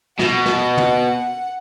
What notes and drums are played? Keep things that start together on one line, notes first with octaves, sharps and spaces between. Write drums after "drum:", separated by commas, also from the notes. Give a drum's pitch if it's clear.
B2 F#5, drum: snare
drum: snare
drum: tom